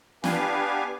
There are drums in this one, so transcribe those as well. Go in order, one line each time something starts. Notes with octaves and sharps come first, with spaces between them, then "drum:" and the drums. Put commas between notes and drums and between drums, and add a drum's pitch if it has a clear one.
B3 D4 G4 B4 F5 G#5, drum: snare